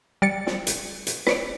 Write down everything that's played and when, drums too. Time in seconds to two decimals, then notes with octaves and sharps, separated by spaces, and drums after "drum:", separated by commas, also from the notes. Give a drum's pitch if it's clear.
0.22 G3 D5 A6 C#7
0.47 drum: snare
0.67 drum: hi-hat
1.07 drum: hi-hat
1.27 B4 C#5 D5, drum: snare